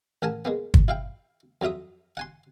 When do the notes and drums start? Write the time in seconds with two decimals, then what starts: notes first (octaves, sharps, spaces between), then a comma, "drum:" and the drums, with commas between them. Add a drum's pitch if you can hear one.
0.22 A1 A#4 G#5 A5
0.45 G#3 A#3 B3
0.74 drum: kick
0.88 E4 F5 G5
1.61 F2 F#3 F4 E5 D#6
2.17 F#5 G#5 C6